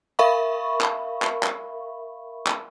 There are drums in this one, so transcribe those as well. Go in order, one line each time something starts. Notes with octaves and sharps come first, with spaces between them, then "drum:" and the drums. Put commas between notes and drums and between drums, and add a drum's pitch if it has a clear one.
A#4 E5 F5 B5 C#6
drum: clap
drum: clap
drum: clap
drum: clap